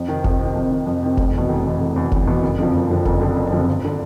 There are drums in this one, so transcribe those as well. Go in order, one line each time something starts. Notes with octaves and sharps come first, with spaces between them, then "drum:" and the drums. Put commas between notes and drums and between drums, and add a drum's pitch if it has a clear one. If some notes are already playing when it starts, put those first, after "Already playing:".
Already playing: F2
C3 D#3
F2, drum: kick F1
C3 D#3
F2
C3 D#3
F2
C3 D#3
F1, drum: kick F1
E2 B2
F1
E2 B2
F1
E2 B2
F1, drum: kick F1
E2 B2
F#1
F2 D3 F3
F#1
F2 D3 F3
F#1, drum: kick F1
F2 D3 F3
F#1
F2 D3 F3
G1
D3